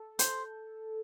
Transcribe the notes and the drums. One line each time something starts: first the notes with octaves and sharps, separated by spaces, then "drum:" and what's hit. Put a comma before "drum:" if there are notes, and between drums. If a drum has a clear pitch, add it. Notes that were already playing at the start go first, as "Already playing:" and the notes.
Already playing: A4
C5, drum: hi-hat